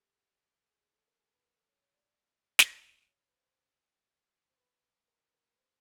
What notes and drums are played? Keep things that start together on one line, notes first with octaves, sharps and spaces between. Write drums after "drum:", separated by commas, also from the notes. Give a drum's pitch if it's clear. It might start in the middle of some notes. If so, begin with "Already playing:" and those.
Already playing: G4 A4
A4
G#4
G#4
A4
A#4
G#4
B4
A#4
A4
C#5
C#5
D5
drum: snare
C#5
B4
C5
C5
C5
B4
A#4
A#4
B4
C5